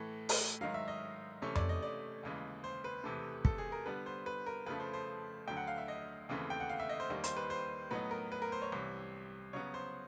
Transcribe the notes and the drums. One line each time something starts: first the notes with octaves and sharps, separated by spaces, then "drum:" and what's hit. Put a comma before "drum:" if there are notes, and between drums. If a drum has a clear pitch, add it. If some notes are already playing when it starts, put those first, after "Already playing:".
Already playing: A2 E3 A3
drum: open hi-hat
G#2 D#3 F#3 F5
E5
D#5
C3 E3 A3 C#4 C#5
D5, drum: tom F2
D#5
D5
D#2 C#3 E3 G#3
C5
B4
E2 C3 E3 A3
A4, drum: kick
G#4
A#4
D3 G3 B3 B4
C5
B4
A#4
F2 C#3 F3 A3 B4
C5
C5
D2 D3 F#3 G5
F#5
F5
E5
D#5
D#2 C#3 E3 A3 C4
G5
F#5
F5
E5
D#5
C5
D#2 D#3 G3
C5, drum: hi-hat
B4
C5
A2 F#3 B3 D#4 B4
A#4
B4
A#4
C5
C#5
C2 C3 E3
C#3 F#3 B3 C#5
C5